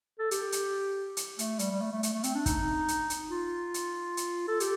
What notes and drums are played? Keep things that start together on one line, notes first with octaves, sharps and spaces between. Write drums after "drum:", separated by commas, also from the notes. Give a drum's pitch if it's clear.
A4
G4, drum: hi-hat
drum: hi-hat
drum: hi-hat
A3, drum: hi-hat
G3, drum: hi-hat
G3
A3
A3
A3, drum: hi-hat
A3
C4, drum: hi-hat
D4
D#4, drum: kick, hi-hat
drum: hi-hat
drum: hi-hat
F4
drum: hi-hat
drum: hi-hat
A4
G4, drum: hi-hat